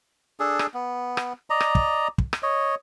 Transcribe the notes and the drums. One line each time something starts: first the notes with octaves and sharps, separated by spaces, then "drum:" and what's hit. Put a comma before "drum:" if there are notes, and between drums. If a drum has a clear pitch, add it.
D4 G#4 A4
drum: rim click
B3
drum: rim click
D5 D#5 A#5
drum: rim click
drum: kick
drum: kick
drum: rim click
C#5 D#5